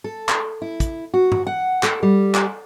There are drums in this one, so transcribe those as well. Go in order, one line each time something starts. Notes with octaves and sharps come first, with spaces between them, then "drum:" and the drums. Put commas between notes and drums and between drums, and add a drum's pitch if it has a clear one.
A4
drum: clap
E4
drum: kick, hi-hat
F#4
drum: tom G2
F#5
A4, drum: clap
G3
drum: clap